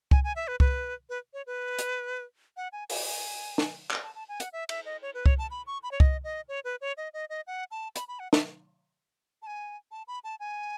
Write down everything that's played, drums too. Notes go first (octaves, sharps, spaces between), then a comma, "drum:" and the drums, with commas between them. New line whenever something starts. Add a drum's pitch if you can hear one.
G#5, drum: kick C2
G#5
E5
B4
B4, drum: kick C2
B4
C#5
B4
drum: hi-hat
F#5
G#5
G#5, drum: open hi-hat
G#5
drum: snare
drum: clap
A5
A5
G#5
F#5, drum: hi-hat
E5
E5, drum: cymbal
D#5
C#5
B4
C#5, drum: kick C2
A5
B5
C#6
B5
C#5
D#5, drum: kick C2
D#5
C#5
B4
C#5
D#5
D#5
D#5
F#5
A5
B5, drum: hi-hat
B5
F#5
E5, drum: snare
A5
G#5
A5
B5
A5
G#5